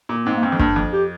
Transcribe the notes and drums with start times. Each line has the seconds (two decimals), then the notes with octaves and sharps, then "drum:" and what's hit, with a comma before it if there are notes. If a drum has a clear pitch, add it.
0.09 A#2
0.26 G#2 C4
0.36 A#3
0.43 G2 C4
0.52 F2
0.60 G2 D4, drum: kick G1
0.76 F2
0.93 G4